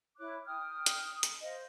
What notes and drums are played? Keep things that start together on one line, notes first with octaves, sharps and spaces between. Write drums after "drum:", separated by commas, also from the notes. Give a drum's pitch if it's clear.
E4 C#5 D6 F#6
G5 D#6 F6
drum: hi-hat
drum: hi-hat
C5 D#5 F5